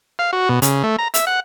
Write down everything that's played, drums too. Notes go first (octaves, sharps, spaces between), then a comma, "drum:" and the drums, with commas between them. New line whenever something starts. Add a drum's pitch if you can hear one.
F5
F#4
B2
C#3, drum: hi-hat
A3
A#5
E5, drum: hi-hat
F#5